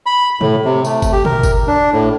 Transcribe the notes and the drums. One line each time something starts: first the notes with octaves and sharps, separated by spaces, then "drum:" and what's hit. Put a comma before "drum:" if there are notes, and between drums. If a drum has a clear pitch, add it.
B5
A2, drum: tom
C3
A3, drum: tambourine
drum: kick G1, tambourine
G4
A#4, drum: tom A#2
drum: kick G1, tambourine
D4
A2